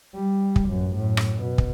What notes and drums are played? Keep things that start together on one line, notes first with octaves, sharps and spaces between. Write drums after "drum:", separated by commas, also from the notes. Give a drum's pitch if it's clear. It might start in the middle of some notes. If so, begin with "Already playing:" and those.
G3
drum: kick
A1 F#2
F#2 A2
drum: rim click
B2
drum: kick